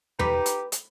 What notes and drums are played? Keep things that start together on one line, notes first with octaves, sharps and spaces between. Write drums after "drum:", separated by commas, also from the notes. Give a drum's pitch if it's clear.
D#4 G4 B4, drum: tom E2
drum: hi-hat
drum: hi-hat